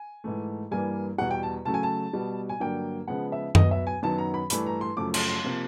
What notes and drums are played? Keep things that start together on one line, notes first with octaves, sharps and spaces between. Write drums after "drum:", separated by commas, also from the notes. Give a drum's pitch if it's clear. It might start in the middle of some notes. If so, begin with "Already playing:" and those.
Already playing: G#5
G#2 E3 A3
G2 E3 G3 A#3 G#5
E2 B2 G3 F#5
G5
A5
C#3 F#3 A3 A5
G#5
A5
B2 G3 B3
G#5
G2 D3 F#3 A#3 G5
C#3 F3 G#3 B3 F#5
E5
B2 F#3 B3 D#5, drum: tom F#2
E5
G#5
F#2 D#3 F#3 B3 A5
A#5
B5
G2 E3 A3 B5, drum: hi-hat
A#5
C6
F#2 C#3 F3 A3 D6
C6, drum: cymbal
C6
C3 F3 A#3